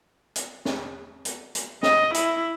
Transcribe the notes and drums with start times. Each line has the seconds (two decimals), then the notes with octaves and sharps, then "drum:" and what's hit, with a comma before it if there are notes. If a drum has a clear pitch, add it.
0.36 drum: hi-hat
0.65 drum: snare
1.25 drum: hi-hat
1.55 drum: hi-hat
1.83 D#5, drum: snare
2.14 E4, drum: hi-hat